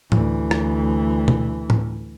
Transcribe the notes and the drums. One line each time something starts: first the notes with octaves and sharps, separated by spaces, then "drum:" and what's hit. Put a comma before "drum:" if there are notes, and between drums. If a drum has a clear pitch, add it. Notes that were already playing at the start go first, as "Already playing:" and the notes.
D2 E3, drum: tom
drum: rim click
drum: tom B2
drum: tom